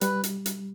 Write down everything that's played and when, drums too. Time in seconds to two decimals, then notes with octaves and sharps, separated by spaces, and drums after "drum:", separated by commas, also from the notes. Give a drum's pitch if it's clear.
0.01 G3 B4, drum: hi-hat
0.24 drum: hi-hat
0.46 drum: hi-hat